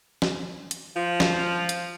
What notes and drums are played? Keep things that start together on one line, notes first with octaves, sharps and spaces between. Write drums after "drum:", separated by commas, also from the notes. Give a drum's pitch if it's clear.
drum: snare
drum: hi-hat
F3
drum: snare
drum: hi-hat